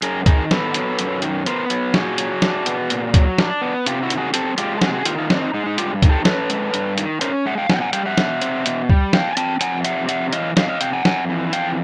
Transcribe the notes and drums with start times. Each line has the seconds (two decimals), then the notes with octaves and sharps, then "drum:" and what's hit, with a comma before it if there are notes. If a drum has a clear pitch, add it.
0.02 F#2 G#4 A#4, drum: hi-hat
0.26 D#3 G#4 A#4, drum: kick C#2, hi-hat
0.51 B3 A4 B4, drum: snare
0.74 F#3, drum: hi-hat
0.99 F#2, drum: hi-hat
1.22 D#3, drum: hi-hat
1.46 B3 A#4 C5, drum: hi-hat
1.70 F#3, drum: hi-hat
1.94 A#2 F#4 G#4, drum: snare
2.18 F#3, drum: hi-hat
2.42 D4, drum: snare
2.66 B3, drum: hi-hat
2.90 A#2, drum: hi-hat
3.14 F#3, drum: kick C#2, hi-hat
3.38 D4, drum: snare
3.62 B3
3.86 C3 F4 G4, drum: hi-hat
4.02 E4 F#4
4.10 D#3, drum: hi-hat
4.18 F#4 G#4
4.34 C4 G4 A4, drum: hi-hat
4.58 G#3 F4 G4, drum: hi-hat
4.77 A4
4.82 C3 F#4 G#4, drum: snare
4.94 F#4 G#4
5.05 D#3 F4 G4, drum: hi-hat
5.18 D#4 F4
5.30 C4 D4, drum: snare
5.42 D#4
5.54 G#3 D#4
5.66 D#4
5.78 G2 F4 G4, drum: hi-hat
6.02 D#3, drum: kick C#2, hi-hat
6.09 G4 A4
6.25 C#4 A4 B4, drum: snare
6.50 G#3, drum: hi-hat
6.74 G2, drum: hi-hat
6.98 D#3, drum: hi-hat
7.21 C#4 A#4 C5, drum: hi-hat
7.46 G#3 E5 F#5
7.58 F5 G5
7.70 B2 F#5 G#5, drum: snare
7.76 G5
7.81 F#5 G#5
7.93 G3 F5 G5, drum: hi-hat
8.05 E5 F#5
8.18 B2, drum: snare
8.42 C4, drum: hi-hat
8.66 B2, drum: hi-hat
8.90 G3, drum: kick C#2
9.13 B2 F5 G5, drum: snare
9.30 G#5
9.37 C4 G5 A5, drum: hi-hat
9.61 F2 F#5 G#5, drum: hi-hat
9.85 C3 E5 F#5, drum: hi-hat
10.09 F2 E5 F#5, drum: hi-hat
10.33 E3 D#5 F5, drum: hi-hat
10.57 F2 D#5 F5, drum: snare
10.68 D#5 F5
10.81 C3 F5 G5, drum: hi-hat
10.93 F#5 G#5
11.05 F2 F#5 G#5, drum: snare
11.30 E3
11.53 F2 F5 G5, drum: hi-hat